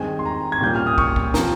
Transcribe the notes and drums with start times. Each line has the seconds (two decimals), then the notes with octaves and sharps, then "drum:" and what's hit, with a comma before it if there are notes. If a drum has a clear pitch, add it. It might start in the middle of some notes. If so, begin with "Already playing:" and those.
Already playing: G2 D#3 G#3 C4 G#5
0.19 C6
0.25 A#5
0.52 G#6
0.61 A#2 G3 A#3 C#4 G6
0.76 F6
0.87 D#6
0.98 C#6, drum: kick
1.16 drum: kick
1.34 F3 C4 A#5, drum: snare